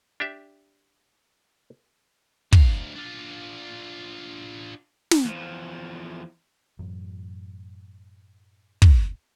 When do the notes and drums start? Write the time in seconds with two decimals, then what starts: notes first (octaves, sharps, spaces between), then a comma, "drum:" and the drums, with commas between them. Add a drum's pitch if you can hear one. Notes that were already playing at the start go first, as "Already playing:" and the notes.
0.20 D4 G4 E5
2.52 D2 F5, drum: kick
2.96 D4 F4
5.11 drum: snare
5.25 E2 F3
6.79 F#2 A2 E3 F#3
8.82 drum: kick